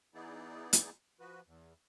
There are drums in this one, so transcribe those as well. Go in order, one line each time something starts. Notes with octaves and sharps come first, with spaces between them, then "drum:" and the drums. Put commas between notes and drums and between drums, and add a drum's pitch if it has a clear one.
E3 B3 D#4 E4 G#4 D5
drum: hi-hat
F3 F#4 B4
E2